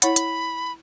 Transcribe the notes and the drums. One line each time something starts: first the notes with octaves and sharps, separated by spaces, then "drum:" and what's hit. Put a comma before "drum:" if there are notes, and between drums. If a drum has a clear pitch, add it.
E4 C#5 F#5 B5, drum: hi-hat
drum: hi-hat